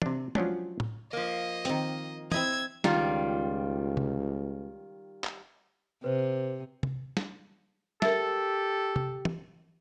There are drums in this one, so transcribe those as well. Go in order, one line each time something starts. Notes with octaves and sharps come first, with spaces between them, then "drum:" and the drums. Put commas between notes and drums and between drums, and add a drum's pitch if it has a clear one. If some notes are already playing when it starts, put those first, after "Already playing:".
C3 D4, drum: tom
F3 F#3 C#4 D4, drum: tom
drum: tom A2
F3 A#3 D#5
D#3 C4, drum: hi-hat
C4 E4 D#5 E6 G#6, drum: tom
C#2 D#3 G3 F4, drum: snare
drum: tom C3
drum: clap
C3 B4 C5
drum: tom C3
drum: snare
G4 A4 A#4 E5, drum: snare
drum: tom C3
drum: tom